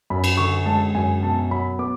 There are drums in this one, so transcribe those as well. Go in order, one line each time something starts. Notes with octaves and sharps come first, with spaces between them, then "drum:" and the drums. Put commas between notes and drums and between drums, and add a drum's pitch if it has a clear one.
F#2 B5
drum: cymbal
D3 C#6
G#3 A5
F#2 G#5
B2 A5
F#3 B5
B3 D6